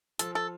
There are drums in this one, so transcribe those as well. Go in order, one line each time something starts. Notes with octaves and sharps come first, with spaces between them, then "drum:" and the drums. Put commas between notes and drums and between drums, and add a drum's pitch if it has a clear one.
F3 A4, drum: hi-hat
A4